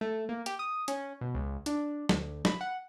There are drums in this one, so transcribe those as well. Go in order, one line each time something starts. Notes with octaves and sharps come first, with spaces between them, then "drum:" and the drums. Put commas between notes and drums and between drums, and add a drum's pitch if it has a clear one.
A3
A#3
G4, drum: hi-hat
D#6
C#4, drum: hi-hat
B2
C#2
D4, drum: hi-hat
D2, drum: snare
B5, drum: snare
F#5